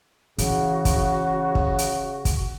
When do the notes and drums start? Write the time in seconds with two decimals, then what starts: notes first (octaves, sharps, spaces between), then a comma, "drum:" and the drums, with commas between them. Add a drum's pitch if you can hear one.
0.38 C#3 E3 F#4, drum: hi-hat
0.85 drum: kick, hi-hat
1.55 drum: kick
1.78 drum: hi-hat
2.25 drum: kick, hi-hat